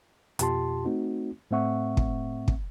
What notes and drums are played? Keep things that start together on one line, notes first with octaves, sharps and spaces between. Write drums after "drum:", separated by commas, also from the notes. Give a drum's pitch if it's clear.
F2 B2 F4 G4 A5 C6, drum: hi-hat
A3 C4 D#4 F#4
A2 A3 C4 E5 F#5 C#6
drum: kick
drum: kick